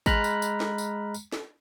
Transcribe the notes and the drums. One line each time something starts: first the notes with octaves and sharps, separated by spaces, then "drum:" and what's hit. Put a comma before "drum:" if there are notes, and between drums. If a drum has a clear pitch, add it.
G#3 A#5 B5 F6 F#6, drum: kick, tambourine
drum: tambourine
drum: tambourine
drum: snare
drum: tambourine
drum: tambourine
drum: snare